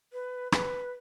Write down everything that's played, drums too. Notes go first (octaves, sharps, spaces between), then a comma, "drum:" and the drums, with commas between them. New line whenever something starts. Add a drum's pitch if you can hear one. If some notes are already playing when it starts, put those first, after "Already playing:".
B4
B4, drum: rim click